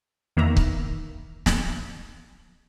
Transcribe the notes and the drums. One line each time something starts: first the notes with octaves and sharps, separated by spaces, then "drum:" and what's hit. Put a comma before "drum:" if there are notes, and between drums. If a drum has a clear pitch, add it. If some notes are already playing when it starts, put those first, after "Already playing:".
E2 D#3 A#3 B4 E5 A#5
drum: kick C#1
drum: snare